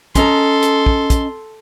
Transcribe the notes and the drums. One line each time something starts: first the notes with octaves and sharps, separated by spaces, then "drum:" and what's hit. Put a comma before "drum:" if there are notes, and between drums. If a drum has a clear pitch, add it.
C#4 A4 D#5 A#5 C6, drum: kick, hi-hat
drum: hi-hat
drum: kick
drum: kick, hi-hat